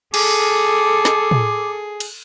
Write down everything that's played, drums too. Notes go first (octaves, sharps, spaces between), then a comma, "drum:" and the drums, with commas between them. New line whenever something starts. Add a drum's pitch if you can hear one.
G#4 A4 D6, drum: cymbal
drum: snare
drum: tom A2
drum: cymbal